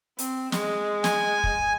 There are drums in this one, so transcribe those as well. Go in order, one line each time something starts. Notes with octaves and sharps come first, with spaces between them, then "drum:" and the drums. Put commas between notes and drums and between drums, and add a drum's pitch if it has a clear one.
C4, drum: hi-hat
G#3, drum: snare
G#5, drum: snare
drum: kick